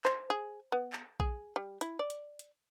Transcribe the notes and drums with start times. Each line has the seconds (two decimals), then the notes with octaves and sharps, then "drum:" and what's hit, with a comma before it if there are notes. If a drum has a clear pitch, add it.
0.05 C5, drum: clap
0.30 G#4
0.72 B3
0.93 drum: clap
1.20 G#4, drum: kick A#1
1.56 G3
1.81 E4, drum: hi-hat
1.99 D5
2.10 drum: hi-hat
2.39 drum: hi-hat